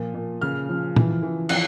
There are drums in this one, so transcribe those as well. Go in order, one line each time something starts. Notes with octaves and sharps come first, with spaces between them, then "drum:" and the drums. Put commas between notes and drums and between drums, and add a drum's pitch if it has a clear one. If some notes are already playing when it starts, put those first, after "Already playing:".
Already playing: A#2 F3
A#2
C#3 F6
F3
E3, drum: tom A#2
E3
F3 F#6, drum: cymbal